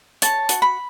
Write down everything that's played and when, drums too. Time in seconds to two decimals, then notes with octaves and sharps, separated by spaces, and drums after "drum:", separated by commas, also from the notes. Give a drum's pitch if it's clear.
0.22 C#5 A5, drum: hi-hat
0.49 F#4, drum: hi-hat
0.62 B5